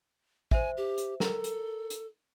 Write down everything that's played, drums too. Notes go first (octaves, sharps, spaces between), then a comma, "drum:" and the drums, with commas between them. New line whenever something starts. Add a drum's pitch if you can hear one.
C5 E5 G#5, drum: kick
G4
drum: hi-hat
A4 A#4 A#5, drum: snare
drum: hi-hat
drum: hi-hat